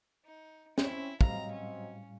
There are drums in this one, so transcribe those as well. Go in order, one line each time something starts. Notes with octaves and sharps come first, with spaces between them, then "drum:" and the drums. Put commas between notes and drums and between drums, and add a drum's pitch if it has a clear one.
D#4
C4 C#4 E4, drum: snare
A2 F#3 G3 C4 D#5 F5 A#5, drum: kick
C#4